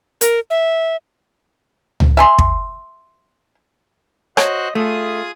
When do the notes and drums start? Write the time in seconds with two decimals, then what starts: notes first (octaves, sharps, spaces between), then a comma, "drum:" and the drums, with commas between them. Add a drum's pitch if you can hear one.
0.21 A#4, drum: hi-hat
0.50 E5
2.00 drum: tom C#2
2.17 E5 G#5 C6
2.38 drum: kick
4.37 F#4 C5 C#5 D#5 F#6, drum: rim click
4.75 A3 F4 G#4 D#6